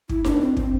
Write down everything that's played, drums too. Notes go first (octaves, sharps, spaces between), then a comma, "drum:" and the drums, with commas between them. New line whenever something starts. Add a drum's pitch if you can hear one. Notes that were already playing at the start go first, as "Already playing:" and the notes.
E4, drum: kick
D4, drum: snare D#4
C4
C4, drum: kick